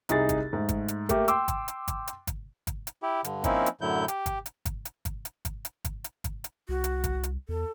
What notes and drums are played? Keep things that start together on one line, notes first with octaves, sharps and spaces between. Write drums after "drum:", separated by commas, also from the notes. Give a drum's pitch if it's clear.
C2 D#4 G#4 A6, drum: hi-hat
drum: kick, hi-hat
G#2 A3
drum: kick, hi-hat
drum: hi-hat
A3 A#3 G4, drum: kick, hi-hat
G5 C6 D6 E6, drum: hi-hat
drum: kick, hi-hat
drum: hi-hat
drum: kick, hi-hat
drum: hi-hat
drum: kick, hi-hat
drum: kick, hi-hat
drum: hi-hat
E4 G4
G2 D3, drum: hi-hat
F3 A#3 C4 C#4 D#4 E4, drum: kick, hi-hat
drum: hi-hat
F#2 A2 D3 F#3 E4 G6
G4, drum: hi-hat
drum: kick, hi-hat
drum: hi-hat
drum: kick, hi-hat
drum: hi-hat
drum: kick, hi-hat
drum: hi-hat
drum: kick, hi-hat
drum: hi-hat
drum: kick, hi-hat
drum: hi-hat
drum: kick, hi-hat
drum: hi-hat
C2 F#4
drum: hi-hat
drum: kick, hi-hat
drum: hi-hat
E2 A4